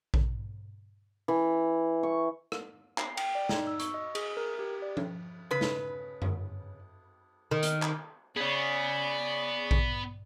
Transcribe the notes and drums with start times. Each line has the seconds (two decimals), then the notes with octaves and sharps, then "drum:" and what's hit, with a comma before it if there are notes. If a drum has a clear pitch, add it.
0.14 drum: kick A#1
1.28 E3
2.03 C#6
2.52 drum: rim click
2.98 C7, drum: clap
3.17 G5, drum: cymbal
3.35 D5
3.49 D#4, drum: snare
3.67 E6
3.80 C#6, drum: hi-hat
3.94 D#5
4.15 G#4, drum: cymbal
4.37 A#4
4.59 G4
4.82 D5
4.97 drum: tom F3
5.51 C#3 B4
5.61 drum: snare
6.22 drum: tom F#2
7.51 D#3
7.63 drum: hi-hat
7.82 drum: clap
8.37 B3 G#4 C#5 D5
9.71 drum: kick A#1